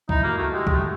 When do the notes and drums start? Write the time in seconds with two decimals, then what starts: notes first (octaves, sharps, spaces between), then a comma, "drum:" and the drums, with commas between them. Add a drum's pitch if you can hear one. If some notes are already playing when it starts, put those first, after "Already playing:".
0.09 D#4 E4, drum: kick
0.24 A#3 F#4
0.38 A3 F#4
0.53 G#3 G4
0.67 G#3 G4, drum: kick
0.75 A3